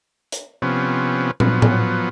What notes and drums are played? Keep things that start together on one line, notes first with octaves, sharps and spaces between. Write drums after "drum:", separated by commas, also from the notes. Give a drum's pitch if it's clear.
drum: hi-hat
C3 F3 B3 C#4
F3 F#3 B3, drum: tom
drum: tom A2